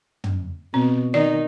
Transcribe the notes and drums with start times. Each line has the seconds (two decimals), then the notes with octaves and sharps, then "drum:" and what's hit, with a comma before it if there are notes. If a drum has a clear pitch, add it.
0.24 drum: tom
0.74 B2 C4
1.14 D#3 D#4 D5